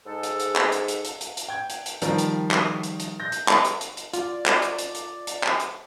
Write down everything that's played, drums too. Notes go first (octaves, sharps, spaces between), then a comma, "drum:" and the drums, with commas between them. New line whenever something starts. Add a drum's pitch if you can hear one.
G#2 A4
drum: hi-hat
drum: hi-hat
drum: clap
drum: hi-hat
drum: hi-hat
drum: hi-hat
drum: hi-hat
drum: hi-hat
G5 G#6
drum: hi-hat
drum: hi-hat
D#3 F3 G3 A#4, drum: hi-hat
drum: hi-hat
drum: clap
drum: hi-hat
drum: hi-hat
G6 A#6
drum: hi-hat
drum: clap
drum: hi-hat
drum: hi-hat
drum: hi-hat
F4 D5, drum: hi-hat
drum: clap
drum: hi-hat
drum: hi-hat
drum: hi-hat
drum: hi-hat
drum: clap
drum: hi-hat